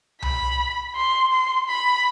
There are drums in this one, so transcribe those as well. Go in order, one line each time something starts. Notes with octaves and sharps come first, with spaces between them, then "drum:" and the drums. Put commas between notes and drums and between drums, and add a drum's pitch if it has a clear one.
B5, drum: tom C2
C6
C6
B5